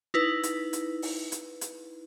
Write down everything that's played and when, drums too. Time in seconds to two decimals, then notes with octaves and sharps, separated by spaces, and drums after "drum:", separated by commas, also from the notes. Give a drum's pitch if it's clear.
0.14 D#4 E4 B4
0.43 drum: hi-hat
0.73 drum: hi-hat
1.02 drum: open hi-hat
1.32 drum: hi-hat
1.61 drum: hi-hat